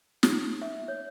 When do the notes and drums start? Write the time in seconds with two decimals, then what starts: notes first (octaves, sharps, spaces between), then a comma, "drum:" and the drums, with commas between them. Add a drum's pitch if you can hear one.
0.23 D#4, drum: snare
0.62 E5
0.88 C#5